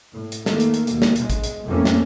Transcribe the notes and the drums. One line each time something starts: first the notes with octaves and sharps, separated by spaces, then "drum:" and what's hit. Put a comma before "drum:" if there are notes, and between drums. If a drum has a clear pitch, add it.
A2
drum: hi-hat
D#3 A3 A#3, drum: snare
drum: hi-hat
drum: hi-hat
D#2 B2, drum: hi-hat
drum: snare
B1 G#3, drum: hi-hat
drum: kick A1, hi-hat
drum: hi-hat
A1 F2 A3 A#3 C4 C#4
drum: snare